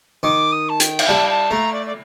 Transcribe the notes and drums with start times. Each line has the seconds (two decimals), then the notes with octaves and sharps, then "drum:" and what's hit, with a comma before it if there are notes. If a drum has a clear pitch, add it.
0.23 D#3 D6
0.52 D#6
0.69 A5
0.80 G5, drum: hi-hat
0.99 drum: cymbal
1.08 G3 A5
1.30 A5
1.51 A3 A#5
1.73 D5
1.86 D5